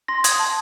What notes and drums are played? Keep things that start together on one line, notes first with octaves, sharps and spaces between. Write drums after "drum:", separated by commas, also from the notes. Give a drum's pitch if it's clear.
C6 A#6
D#6 G#6, drum: hi-hat
A5